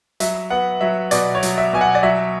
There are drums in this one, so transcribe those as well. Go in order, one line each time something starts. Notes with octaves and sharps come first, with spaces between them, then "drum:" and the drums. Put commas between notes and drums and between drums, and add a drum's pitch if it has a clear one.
F#3 E5, drum: hi-hat
B3 F#5
F#3 E5
B2 D5, drum: hi-hat
C#5
F#3, drum: hi-hat
E5
B2 G#5
F#5
D5
F#3 E5